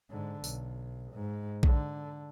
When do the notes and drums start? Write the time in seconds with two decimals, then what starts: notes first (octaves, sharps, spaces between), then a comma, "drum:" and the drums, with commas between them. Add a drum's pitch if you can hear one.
0.10 G#2 D3
0.44 B1, drum: tambourine
1.13 G#2
1.63 D3, drum: kick A#1